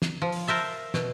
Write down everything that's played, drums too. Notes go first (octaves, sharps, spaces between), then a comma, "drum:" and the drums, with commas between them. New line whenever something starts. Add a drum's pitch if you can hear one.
drum: snare
F3
drum: open hi-hat
A#4 C5 E5 A5
B2, drum: snare